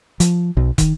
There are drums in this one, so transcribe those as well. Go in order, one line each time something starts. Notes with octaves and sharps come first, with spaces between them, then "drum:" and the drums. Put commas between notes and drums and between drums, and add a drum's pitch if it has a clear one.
F3, drum: hi-hat
B1
D#3, drum: kick, hi-hat